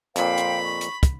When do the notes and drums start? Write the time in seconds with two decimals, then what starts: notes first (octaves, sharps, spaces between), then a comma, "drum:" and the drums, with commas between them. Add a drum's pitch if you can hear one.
0.16 F2 A#2 C5 F5 G5 B5, drum: hi-hat
0.38 drum: hi-hat
0.63 C#6
0.81 drum: hi-hat
1.03 drum: kick, hi-hat